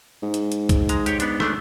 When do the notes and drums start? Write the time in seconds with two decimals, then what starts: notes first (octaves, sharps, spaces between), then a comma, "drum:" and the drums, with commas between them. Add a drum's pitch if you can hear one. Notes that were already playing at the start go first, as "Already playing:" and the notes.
0.23 G#2
0.34 drum: hi-hat
0.52 drum: hi-hat
0.69 drum: kick B1, hi-hat
0.89 G#3 A#5, drum: hi-hat
1.06 G4 C#5 G5, drum: hi-hat
1.20 B3 D4, drum: hi-hat
1.40 A3 B3 D4, drum: rim click